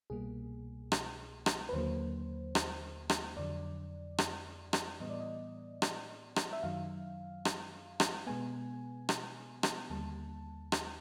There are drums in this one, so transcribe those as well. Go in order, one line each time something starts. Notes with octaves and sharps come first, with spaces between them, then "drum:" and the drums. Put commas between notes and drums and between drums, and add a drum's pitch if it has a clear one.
C2 B2 G3 A#3 G#4
drum: rim click
drum: rim click
B4
D#2 D3 F#3 A#3 C5
drum: rim click
drum: rim click
F2 D3 F#3 D5
drum: rim click
drum: rim click
A2 E3 G3 B3 D#5
D5
D#5
drum: rim click
drum: rim click
E5
F#2 D#3 F#3 F5
drum: rim click
drum: rim click
B2 G#3 B3 G#5
drum: rim click
drum: rim click
D#2 D3 G3 A#3 A5
drum: rim click